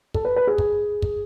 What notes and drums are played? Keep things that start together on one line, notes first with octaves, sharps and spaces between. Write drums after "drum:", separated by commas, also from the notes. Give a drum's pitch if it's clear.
A4, drum: kick
B4
B4
G#4
drum: kick
drum: kick